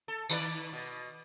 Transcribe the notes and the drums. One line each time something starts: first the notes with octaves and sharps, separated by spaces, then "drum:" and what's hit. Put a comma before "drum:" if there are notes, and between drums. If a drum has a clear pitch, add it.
A4
D#3 B4 D5, drum: tambourine
B2